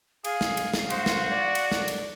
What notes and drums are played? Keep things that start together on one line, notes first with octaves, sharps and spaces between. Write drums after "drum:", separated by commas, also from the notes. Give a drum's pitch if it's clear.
G#4 F5, drum: cymbal
drum: snare
drum: cymbal
drum: snare
F#4 C5, drum: cymbal
drum: snare
D5
drum: cymbal
drum: snare
drum: cymbal